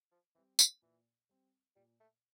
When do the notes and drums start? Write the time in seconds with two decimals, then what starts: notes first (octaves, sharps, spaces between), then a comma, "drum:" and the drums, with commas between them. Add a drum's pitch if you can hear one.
0.12 F3
0.35 E3 G3 C4
0.59 D3, drum: tambourine
0.82 A#2 E3
1.29 G3 C4
1.76 A#2 G3
2.00 A3